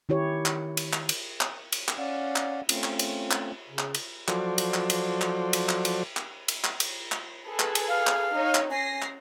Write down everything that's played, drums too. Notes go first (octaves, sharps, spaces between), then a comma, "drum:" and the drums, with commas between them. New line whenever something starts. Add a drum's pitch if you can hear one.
D#3 E4 G4 C#5
drum: clap
drum: cymbal
drum: clap
drum: cymbal
drum: clap
drum: cymbal
drum: clap
C#4 D5 F5 F#5
drum: clap
A3 C4 C#4 F4, drum: cymbal
drum: clap
drum: cymbal
drum: clap
C#3
drum: clap
drum: cymbal
F3 F#3 F#4 A4 C5 D5, drum: clap
drum: cymbal
drum: clap
drum: cymbal
drum: clap
drum: cymbal
drum: clap
drum: cymbal
drum: clap
drum: cymbal
drum: clap
drum: cymbal
drum: clap
G#4 A4 B4
drum: clap
drum: cymbal
F5
drum: clap
D#4 C#5 D#5
drum: clap
C#4 G#5 A#6 C7
drum: clap